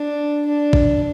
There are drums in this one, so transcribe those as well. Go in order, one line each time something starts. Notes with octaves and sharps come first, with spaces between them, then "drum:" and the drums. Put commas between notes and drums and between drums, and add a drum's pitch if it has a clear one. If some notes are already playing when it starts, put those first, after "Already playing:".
Already playing: D4
D4
drum: kick A1